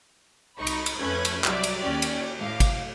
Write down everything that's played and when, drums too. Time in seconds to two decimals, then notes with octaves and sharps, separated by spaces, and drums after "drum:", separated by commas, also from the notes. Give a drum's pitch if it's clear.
0.57 C2 D#4 B5 C#6
0.67 drum: cymbal
0.86 drum: cymbal
0.98 F2 A3 C#4 B4 F#6 G#6
1.25 drum: cymbal
1.44 C2 F#3 G3 D5 E5 D6, drum: clap
1.64 drum: cymbal
1.78 D#2 C#4 G4 D5
2.02 drum: cymbal
2.39 A2 F5 D6
2.60 drum: kick, cymbal